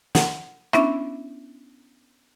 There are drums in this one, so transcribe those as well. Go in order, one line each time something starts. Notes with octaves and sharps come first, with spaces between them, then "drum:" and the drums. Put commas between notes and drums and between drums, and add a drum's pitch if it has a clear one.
F#5, drum: snare
B3 C#4 D4 E4 E5, drum: rim click